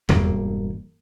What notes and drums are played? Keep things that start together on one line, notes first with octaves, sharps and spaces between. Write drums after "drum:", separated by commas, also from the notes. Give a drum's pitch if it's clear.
E1 G2 A#3, drum: tom E2